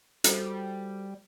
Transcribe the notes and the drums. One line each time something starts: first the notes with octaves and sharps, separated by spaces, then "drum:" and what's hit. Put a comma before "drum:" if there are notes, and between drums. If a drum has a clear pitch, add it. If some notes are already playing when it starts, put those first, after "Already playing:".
G3 F#4 A4 C5, drum: hi-hat